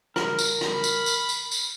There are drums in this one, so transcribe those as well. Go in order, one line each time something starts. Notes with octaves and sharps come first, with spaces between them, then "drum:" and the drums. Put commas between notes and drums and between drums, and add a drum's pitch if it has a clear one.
A#4, drum: rim click
drum: tambourine
drum: rim click
B5
drum: tambourine
drum: tambourine
drum: tambourine
drum: tambourine